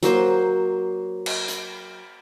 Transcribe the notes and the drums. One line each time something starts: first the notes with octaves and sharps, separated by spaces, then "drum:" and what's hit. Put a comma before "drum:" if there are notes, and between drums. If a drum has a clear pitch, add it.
F#3 A#3 C5, drum: hi-hat
drum: cymbal
drum: hi-hat